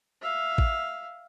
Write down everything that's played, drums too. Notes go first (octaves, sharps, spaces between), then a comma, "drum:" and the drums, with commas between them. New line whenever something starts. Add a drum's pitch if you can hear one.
E5 F5
drum: kick